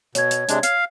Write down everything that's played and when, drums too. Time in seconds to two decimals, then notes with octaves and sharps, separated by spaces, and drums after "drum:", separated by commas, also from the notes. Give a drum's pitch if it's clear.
0.15 B2 C#5 G#6, drum: hi-hat
0.31 drum: hi-hat
0.49 C3 G#3 D4, drum: hi-hat
0.63 F5, drum: hi-hat